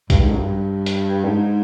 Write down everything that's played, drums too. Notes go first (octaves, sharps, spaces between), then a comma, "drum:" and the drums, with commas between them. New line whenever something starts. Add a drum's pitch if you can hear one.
G2, drum: kick A1, hi-hat
G#2
F#2
G2
drum: hi-hat
G#2